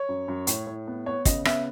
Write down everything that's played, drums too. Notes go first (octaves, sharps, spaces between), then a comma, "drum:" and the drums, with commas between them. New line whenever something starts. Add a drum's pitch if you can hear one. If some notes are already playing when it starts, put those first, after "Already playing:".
Already playing: C#5
F#2
F#2
A2, drum: hi-hat
A2
B3
B3 C#5
C#3 D#5, drum: kick, hi-hat
B3 E5, drum: rim click